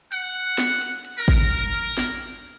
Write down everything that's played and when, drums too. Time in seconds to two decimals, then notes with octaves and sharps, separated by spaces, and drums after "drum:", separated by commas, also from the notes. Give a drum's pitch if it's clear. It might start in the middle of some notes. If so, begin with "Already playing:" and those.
0.12 F#5, drum: hi-hat
0.58 drum: snare
0.81 drum: hi-hat
1.05 drum: hi-hat
1.17 A#4
1.28 drum: kick, open hi-hat
1.51 drum: open hi-hat
1.74 drum: hi-hat
1.98 drum: snare
2.21 drum: hi-hat